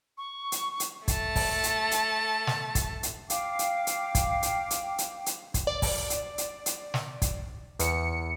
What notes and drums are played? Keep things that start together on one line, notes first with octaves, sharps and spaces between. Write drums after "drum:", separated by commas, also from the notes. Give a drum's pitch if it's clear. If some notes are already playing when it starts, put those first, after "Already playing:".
C#6
drum: hi-hat
drum: hi-hat
A3 A5, drum: kick, hi-hat
drum: kick, open hi-hat
drum: hi-hat
drum: hi-hat
drum: snare
drum: kick, hi-hat
drum: hi-hat
F5 G5 D6, drum: hi-hat
drum: hi-hat
drum: hi-hat
drum: kick, hi-hat
drum: hi-hat
drum: hi-hat
drum: hi-hat
drum: hi-hat
drum: kick, hi-hat
D5
drum: kick, open hi-hat
drum: hi-hat
drum: hi-hat
drum: hi-hat
drum: snare
drum: kick, hi-hat
E2 C#7, drum: hi-hat